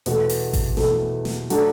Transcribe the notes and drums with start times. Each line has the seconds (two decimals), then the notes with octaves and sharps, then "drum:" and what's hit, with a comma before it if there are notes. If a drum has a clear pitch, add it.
0.06 E2 B2 A3, drum: hi-hat
0.29 drum: open hi-hat
0.53 drum: kick G#1, open hi-hat
0.77 E2 B2 A3, drum: snare
1.25 drum: snare
1.50 F#3 A3 D4, drum: hi-hat